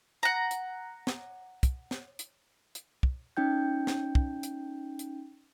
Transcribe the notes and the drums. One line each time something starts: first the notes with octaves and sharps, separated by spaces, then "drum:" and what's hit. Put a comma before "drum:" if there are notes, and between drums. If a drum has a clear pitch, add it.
F#5 A#5
drum: hi-hat
drum: snare
drum: kick, hi-hat
drum: snare
drum: hi-hat
drum: hi-hat
drum: kick
C#4 D#4 G5 G6
drum: snare
drum: kick
drum: hi-hat
drum: hi-hat